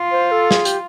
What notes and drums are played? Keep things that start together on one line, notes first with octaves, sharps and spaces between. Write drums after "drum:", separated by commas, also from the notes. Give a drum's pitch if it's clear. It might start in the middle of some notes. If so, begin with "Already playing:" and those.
Already playing: F4
C5
A4
G#4, drum: snare
G4, drum: hi-hat